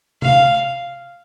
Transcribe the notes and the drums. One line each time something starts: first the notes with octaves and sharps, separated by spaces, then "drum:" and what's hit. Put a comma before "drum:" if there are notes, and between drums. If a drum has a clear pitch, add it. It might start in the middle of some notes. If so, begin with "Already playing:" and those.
F5, drum: tom C3